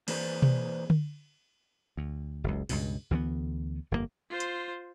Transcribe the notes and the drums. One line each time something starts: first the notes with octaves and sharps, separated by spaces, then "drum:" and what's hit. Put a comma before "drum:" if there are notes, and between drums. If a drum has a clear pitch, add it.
E3 A#3 G#4 B4 C5 D5, drum: cymbal
drum: tom B2
drum: tom D3
D2
F#1 C#2
C#2 G2 B2, drum: open hi-hat
D2 E3 F3 B3
G1 F2 C3 A#3
F4 C5
drum: hi-hat